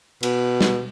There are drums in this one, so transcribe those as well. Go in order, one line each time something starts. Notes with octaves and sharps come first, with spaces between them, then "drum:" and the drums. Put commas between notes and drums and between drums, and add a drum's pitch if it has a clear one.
B2, drum: cymbal
drum: snare